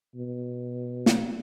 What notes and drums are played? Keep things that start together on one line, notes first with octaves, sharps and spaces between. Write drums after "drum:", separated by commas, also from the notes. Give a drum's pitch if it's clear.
B2
drum: snare